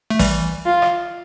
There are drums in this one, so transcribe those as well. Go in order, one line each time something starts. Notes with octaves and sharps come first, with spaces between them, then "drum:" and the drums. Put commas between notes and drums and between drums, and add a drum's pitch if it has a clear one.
A3
E3 G3, drum: kick A1, open hi-hat
F4
drum: rim click